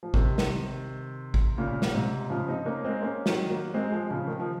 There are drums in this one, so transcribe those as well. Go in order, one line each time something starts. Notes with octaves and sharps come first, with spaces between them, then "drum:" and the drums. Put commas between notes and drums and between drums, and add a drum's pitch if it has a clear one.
F3
C3 D#3, drum: kick
drum: snare
drum: kick
A#2 C#3
drum: snare
G#2 C3
C#3 F3
C4 D#4
A#3 C#4
G#3 C4
A#3 C#4
D#3 F#3, drum: snare
F#3 A#3
G#3 C4
F3 G#3
C#3 F3
D#3
F3